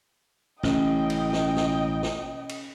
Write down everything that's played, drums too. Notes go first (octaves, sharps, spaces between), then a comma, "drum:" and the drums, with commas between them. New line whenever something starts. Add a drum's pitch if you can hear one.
A1 A2 C#3 D#5 G5, drum: snare
drum: cymbal
drum: snare
drum: snare
drum: snare
drum: cymbal